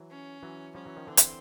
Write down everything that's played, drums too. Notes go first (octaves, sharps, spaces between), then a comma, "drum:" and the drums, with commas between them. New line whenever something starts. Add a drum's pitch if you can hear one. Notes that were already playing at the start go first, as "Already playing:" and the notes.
Already playing: E3 F#3
C#4
E3 F#3
F3 G3 C#4
E3 F#3
D#3 F3
D3 E3 C4
drum: hi-hat